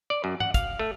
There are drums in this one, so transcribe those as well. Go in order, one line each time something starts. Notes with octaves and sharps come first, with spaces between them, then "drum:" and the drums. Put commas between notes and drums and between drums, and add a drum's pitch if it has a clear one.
D5
F#2
F#5, drum: tom G#2
F5, drum: kick, hi-hat
A3